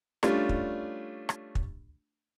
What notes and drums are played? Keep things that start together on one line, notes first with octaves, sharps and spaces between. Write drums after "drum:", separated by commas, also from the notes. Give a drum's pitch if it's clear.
G3 A3 C#4 D4 F4, drum: rim click
drum: kick
drum: rim click
drum: kick